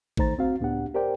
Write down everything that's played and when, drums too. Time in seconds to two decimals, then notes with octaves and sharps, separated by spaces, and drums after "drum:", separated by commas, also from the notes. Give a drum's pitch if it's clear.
0.17 D#3 A3 D#4 C5 A#5 A6, drum: kick A1
0.39 C4 F#4 F5
0.60 C#2 A2 B3 D4 G4 F#5
0.94 G4 A#4 C5 D5 G5